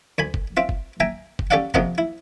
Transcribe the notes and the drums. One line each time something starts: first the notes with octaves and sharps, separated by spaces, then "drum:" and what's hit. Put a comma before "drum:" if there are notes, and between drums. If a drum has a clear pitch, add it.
D2 G#5 B5
drum: kick
C4 F4 E5
drum: kick
E5 G5 G#5 A#5
drum: kick
C#4 G4 A4 D5 F5 F#5
F2 C3 F3 D#5 F#5 A#5, drum: kick
E4